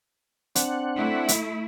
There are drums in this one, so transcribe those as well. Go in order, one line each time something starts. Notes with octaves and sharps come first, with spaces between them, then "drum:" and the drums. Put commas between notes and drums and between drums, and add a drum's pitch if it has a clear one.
C4 D4 F#5, drum: hi-hat
A3 E4
drum: hi-hat